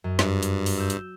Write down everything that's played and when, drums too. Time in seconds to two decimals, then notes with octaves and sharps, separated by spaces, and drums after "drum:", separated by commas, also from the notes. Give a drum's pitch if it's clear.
0.04 F#2
0.19 G2, drum: snare
0.43 drum: hi-hat
0.66 drum: open hi-hat
0.78 E6 G6
0.90 drum: hi-hat